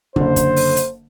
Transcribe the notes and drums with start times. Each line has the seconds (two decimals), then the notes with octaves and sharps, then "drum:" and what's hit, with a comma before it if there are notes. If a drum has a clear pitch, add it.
0.16 F#1 D3 C5, drum: kick
0.36 drum: kick, hi-hat
0.56 drum: open hi-hat
0.77 drum: hi-hat